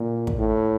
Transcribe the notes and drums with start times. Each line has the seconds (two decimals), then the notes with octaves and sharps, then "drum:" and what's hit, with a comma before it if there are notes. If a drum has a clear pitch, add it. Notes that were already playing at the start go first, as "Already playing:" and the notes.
Already playing: A#2
0.27 drum: kick
0.38 A2